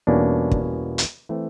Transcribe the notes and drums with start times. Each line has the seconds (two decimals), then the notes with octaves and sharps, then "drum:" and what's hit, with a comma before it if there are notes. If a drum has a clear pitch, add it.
0.07 E2 B2 G3 A#3 C#4 D4
0.51 drum: kick
0.98 drum: hi-hat
1.29 E3 A3 C4